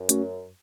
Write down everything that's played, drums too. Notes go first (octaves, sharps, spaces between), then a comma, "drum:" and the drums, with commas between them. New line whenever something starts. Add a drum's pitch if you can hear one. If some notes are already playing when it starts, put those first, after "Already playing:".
Already playing: F#2
A3 C#4 F#4 C#5, drum: hi-hat